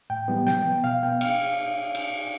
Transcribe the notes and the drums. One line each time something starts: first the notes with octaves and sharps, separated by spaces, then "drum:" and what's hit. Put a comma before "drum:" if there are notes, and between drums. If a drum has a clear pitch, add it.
A2 G5
E3 G3 B3
C3 G5, drum: snare
F3 B3
B2 F5
B3 G5
F5, drum: cymbal
drum: cymbal